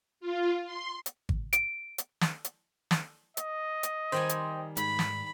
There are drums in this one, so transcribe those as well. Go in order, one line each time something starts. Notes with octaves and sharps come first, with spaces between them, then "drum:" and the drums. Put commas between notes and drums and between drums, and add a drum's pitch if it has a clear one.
F4
C6
drum: hi-hat
drum: kick G#1
D7, drum: hi-hat
drum: hi-hat
drum: snare
drum: hi-hat
drum: snare
D#5, drum: hi-hat
drum: hi-hat
D#3 G3 C5 G5 G#5
drum: hi-hat
G#2 B5, drum: hi-hat
drum: snare